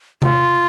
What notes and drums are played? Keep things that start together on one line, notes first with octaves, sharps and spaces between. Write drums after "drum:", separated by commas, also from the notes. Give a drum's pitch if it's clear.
F4, drum: tom C3